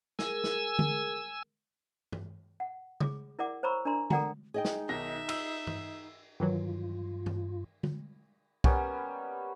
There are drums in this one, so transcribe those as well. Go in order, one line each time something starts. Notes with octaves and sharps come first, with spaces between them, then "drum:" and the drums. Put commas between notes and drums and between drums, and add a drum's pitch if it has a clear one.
G#4 A#4 G#5 E6, drum: snare
drum: snare
drum: tom
drum: tom G2
F#5
G#4 D6, drum: tom C#3
E4 A#4 D5 F#5 D6
C5 C#5 A#5 B5 C#6 E6
D4 A#4 D5 A#5 C6
A4 A#4 D5 F#5 G5 A#5, drum: tom
D#4 G#4 D#5 G5
drum: snare
B1 D#3 E5 A#6
E6, drum: cymbal
drum: tom G2
G2 D#3 E3 F#3 F4
drum: tom G2
drum: tom
G3 A#3 B3 C#4, drum: kick B1